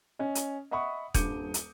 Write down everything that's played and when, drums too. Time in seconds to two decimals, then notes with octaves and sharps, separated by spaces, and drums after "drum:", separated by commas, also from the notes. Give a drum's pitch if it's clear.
0.19 C#4 D#5
0.35 drum: hi-hat
0.71 D#5 E5 F#5 B5 C#6 D#6
1.14 D#1 G2 D6 G6 C#7 D#7, drum: kick E1, hi-hat
1.54 drum: hi-hat